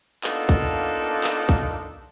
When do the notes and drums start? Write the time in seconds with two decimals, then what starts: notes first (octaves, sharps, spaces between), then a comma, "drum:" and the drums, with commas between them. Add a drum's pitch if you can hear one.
0.24 A#3 B3 D4 D#4 F4 A4, drum: clap
0.49 drum: kick
1.24 drum: clap
1.49 drum: kick